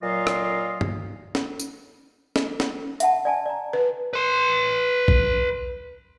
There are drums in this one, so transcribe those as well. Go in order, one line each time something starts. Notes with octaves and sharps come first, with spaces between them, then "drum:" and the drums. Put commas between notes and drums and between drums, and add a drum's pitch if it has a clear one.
A#2 F#3 F4 D#5 F5
drum: rim click
drum: tom G2
drum: snare
drum: tambourine
drum: snare
drum: snare
E5 F#5 A5, drum: hi-hat
D5 G#5 A5
D5 A#5
B4
B4 C6
drum: kick